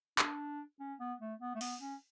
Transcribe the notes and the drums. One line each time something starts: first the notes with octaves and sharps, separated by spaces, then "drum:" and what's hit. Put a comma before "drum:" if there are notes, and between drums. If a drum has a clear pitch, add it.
D4, drum: clap
C#4
B3
A3
B3
A3
B3, drum: open hi-hat
C#4